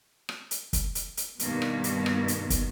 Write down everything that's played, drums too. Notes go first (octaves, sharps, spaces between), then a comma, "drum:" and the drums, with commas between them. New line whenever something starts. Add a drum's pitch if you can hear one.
drum: rim click
drum: hi-hat
drum: kick, hi-hat
drum: hi-hat
drum: hi-hat
G2 B2 D#3 A#3 B3, drum: hi-hat
drum: rim click
drum: hi-hat
drum: rim click
drum: hi-hat
drum: kick, hi-hat